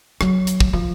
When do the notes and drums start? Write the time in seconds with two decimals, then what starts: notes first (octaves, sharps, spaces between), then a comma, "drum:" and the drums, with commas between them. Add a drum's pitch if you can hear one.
0.21 F#3, drum: rim click
0.47 drum: hi-hat
0.60 drum: kick
0.73 F3